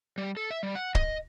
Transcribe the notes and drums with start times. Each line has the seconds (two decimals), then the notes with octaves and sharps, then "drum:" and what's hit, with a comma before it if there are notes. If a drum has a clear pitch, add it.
0.18 G3
0.37 A4
0.50 E5
0.63 G3
0.75 F#5
0.95 D#5, drum: kick